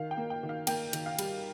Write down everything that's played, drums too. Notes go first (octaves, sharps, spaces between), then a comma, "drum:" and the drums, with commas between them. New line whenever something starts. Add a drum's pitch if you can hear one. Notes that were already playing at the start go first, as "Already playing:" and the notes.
Already playing: D#3 F5
G5
A#3
G5
D#3
F5
A#3 G5, drum: cymbal
D#3, drum: cymbal
F5
G3, drum: cymbal